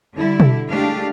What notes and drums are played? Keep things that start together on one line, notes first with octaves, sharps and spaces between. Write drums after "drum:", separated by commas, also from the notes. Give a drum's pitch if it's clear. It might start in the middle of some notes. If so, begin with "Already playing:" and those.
D3 G3 E4
drum: tom B2
G#3 A3 D4 G4 F5